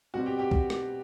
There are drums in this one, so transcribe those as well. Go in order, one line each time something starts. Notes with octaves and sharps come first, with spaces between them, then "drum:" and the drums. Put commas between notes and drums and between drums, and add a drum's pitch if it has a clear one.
B2 G3 C4 F#4 F#5
G4 G5
G4 G5
drum: kick B1
drum: rim click